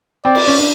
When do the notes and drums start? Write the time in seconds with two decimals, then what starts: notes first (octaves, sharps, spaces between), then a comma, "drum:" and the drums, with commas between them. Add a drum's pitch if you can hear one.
0.25 C4 D5
0.35 drum: cymbal
0.48 C#4
0.59 D4